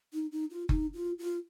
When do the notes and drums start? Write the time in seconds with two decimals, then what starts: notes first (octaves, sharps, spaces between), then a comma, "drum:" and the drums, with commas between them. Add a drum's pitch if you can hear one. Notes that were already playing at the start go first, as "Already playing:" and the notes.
0.14 D#4
0.32 D#4
0.51 F4
0.69 D#4, drum: kick F#1
0.94 F4
1.19 F4